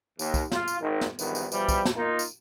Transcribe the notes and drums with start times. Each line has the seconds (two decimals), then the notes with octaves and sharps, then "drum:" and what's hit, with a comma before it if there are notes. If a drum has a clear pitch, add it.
0.19 D#2, drum: tambourine
0.34 drum: kick, tambourine
0.51 F4, drum: snare
0.68 drum: tambourine
0.81 G#1 D#3
1.01 drum: snare
1.19 G#1 E2 G2 D#3 F3 B3, drum: tambourine
1.35 drum: tambourine
1.52 B2 E3 F3 G3, drum: tambourine
1.69 drum: kick, tambourine
1.85 drum: snare
1.97 A#3 D#4 F4
2.19 drum: tambourine